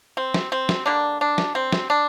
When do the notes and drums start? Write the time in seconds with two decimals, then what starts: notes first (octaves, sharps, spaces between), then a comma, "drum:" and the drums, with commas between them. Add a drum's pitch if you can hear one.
0.17 C4
0.34 drum: snare
0.52 C4
0.69 drum: snare
0.86 D3 G3 A#3 D4
1.21 D4
1.38 drum: snare
1.55 C4
1.72 drum: snare
1.90 D4